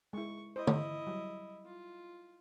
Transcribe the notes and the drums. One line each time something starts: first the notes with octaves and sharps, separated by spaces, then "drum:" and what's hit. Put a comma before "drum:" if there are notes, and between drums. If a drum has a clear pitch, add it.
G#3 E4 C#6
E4 C5 D#5
drum: tom D3
F#3 G3
F4